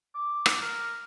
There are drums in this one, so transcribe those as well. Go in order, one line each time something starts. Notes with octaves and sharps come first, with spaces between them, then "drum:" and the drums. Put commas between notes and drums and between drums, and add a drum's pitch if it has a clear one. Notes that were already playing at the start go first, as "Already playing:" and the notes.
D6
drum: rim click
A#4